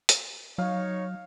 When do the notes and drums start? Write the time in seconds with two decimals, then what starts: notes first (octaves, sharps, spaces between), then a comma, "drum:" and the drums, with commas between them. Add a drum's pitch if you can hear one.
0.09 drum: hi-hat
0.58 F#3 D#4 C#5 F5